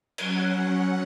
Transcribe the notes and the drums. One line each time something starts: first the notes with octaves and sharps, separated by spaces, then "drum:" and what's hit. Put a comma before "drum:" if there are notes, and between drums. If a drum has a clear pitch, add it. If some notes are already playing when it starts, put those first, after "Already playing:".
F#3 C#4 F#5, drum: cymbal